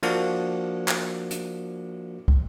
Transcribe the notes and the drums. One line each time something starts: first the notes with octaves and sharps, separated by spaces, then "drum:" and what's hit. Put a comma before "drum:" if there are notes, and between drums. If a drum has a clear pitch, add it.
F3 A#3 D4 F#4, drum: cymbal
drum: clap
drum: hi-hat
drum: kick